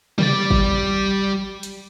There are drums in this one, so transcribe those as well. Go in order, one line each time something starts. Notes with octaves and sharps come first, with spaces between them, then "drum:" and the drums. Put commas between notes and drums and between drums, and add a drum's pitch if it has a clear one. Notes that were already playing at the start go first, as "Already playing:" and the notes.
G3 D5, drum: tom C3
drum: kick
drum: hi-hat